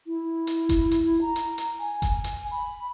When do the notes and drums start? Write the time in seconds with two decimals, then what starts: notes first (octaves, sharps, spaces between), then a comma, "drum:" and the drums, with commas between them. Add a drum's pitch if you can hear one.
0.07 E4
0.47 drum: hi-hat
0.69 drum: kick F#1, hi-hat
0.91 drum: hi-hat
1.22 A#5
1.36 drum: hi-hat
1.58 drum: hi-hat
1.80 G#5
2.02 drum: kick F#1, hi-hat
2.24 drum: hi-hat
2.51 B5